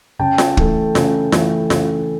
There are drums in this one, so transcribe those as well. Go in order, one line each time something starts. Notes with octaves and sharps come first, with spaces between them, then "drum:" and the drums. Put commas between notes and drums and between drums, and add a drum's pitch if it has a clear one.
C#3 G5 A5
drum: snare F4
E3 A3, drum: kick
C#3, drum: snare F4
E3 A3, drum: snare F4
C#3, drum: snare F4